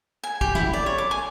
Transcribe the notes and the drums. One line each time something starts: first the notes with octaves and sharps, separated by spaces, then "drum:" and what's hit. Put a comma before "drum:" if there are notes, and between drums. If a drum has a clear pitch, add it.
G#5
G4, drum: kick
E4, drum: snare
D5
C#5
D6
G#5